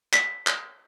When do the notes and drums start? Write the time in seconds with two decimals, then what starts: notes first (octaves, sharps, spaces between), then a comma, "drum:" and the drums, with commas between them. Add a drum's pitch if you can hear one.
0.13 B6, drum: clap
0.47 drum: clap